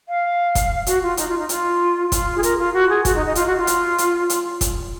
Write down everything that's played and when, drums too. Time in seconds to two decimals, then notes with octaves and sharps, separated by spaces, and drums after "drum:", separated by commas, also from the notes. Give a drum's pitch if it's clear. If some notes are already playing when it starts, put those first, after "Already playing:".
0.09 F5
0.55 drum: kick, hi-hat
0.87 F#4, drum: hi-hat
1.02 F4
1.17 D#4, drum: hi-hat
1.28 F4
1.38 D#4
1.49 F4, drum: hi-hat
2.12 F4, drum: kick, hi-hat
2.37 G#4
2.43 A#4, drum: hi-hat
2.58 F4
2.73 F#4
2.89 G#4
3.05 F#4, drum: kick, hi-hat
3.15 D#4
3.26 D#4
3.35 F4, drum: hi-hat
3.47 F#4
3.57 F4
3.67 drum: hi-hat
3.98 drum: hi-hat
4.30 drum: hi-hat
4.61 drum: kick, hi-hat